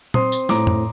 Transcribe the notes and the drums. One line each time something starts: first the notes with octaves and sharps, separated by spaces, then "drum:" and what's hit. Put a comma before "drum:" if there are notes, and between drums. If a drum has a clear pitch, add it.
C4 C6 D#6, drum: tom A#2
drum: tambourine
A2 A#5 D6, drum: snare
drum: tom